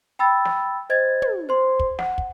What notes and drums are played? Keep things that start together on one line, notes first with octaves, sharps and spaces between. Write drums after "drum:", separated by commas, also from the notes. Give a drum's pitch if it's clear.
G5 B5 E6 A6
drum: snare
C5 D#5 G#6 A6
drum: tom
C5 C6
drum: kick
F#5, drum: snare
drum: kick